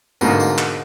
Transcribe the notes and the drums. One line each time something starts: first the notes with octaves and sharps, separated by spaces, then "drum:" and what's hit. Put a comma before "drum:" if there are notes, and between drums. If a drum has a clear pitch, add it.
G#2 B2 D3 A#3, drum: tambourine
drum: tambourine
drum: clap